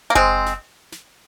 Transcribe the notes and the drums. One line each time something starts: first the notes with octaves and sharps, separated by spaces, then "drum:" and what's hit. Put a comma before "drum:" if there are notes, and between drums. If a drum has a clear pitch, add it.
A#3
G#3 C4, drum: kick F#1
drum: snare
drum: snare